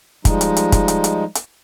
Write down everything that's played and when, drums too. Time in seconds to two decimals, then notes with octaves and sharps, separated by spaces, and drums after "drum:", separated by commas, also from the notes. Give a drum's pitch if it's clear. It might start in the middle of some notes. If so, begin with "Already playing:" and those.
0.25 F3 G3 G#3 D#4, drum: kick, hi-hat
0.41 drum: hi-hat
0.57 drum: hi-hat
0.72 drum: kick, hi-hat
0.88 drum: hi-hat
1.04 drum: hi-hat
1.35 drum: hi-hat